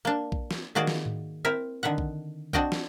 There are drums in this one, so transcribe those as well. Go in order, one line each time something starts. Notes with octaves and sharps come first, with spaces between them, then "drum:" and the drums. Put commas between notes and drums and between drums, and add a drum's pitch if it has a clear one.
A#3 D4
drum: kick A#1
drum: snare
D#3 A#3 F#4 G#4 D5
drum: snare
drum: tom G#2
C4 E4 A#4 E5
D3 D#3 E5 F#5
drum: kick A#1
C4 D4 F#4 D#5 G5, drum: kick A#1
drum: snare